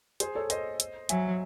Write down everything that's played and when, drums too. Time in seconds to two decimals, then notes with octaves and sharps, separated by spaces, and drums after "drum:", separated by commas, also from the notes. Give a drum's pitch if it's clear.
0.20 G#4 C5, drum: hi-hat
0.35 A4 C#5
0.50 C5 D#5, drum: hi-hat
0.80 drum: hi-hat
1.09 F#3 E5 G#5, drum: hi-hat